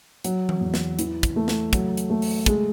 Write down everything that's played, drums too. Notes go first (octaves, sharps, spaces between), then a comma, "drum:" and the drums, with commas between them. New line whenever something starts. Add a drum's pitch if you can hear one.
F#3, drum: hi-hat
drum: tom E3
E2
drum: snare
E3, drum: hi-hat
drum: kick, hi-hat
A3
drum: snare
F#3, drum: kick, hi-hat
drum: hi-hat
A3
drum: open hi-hat
G#3, drum: kick, hi-hat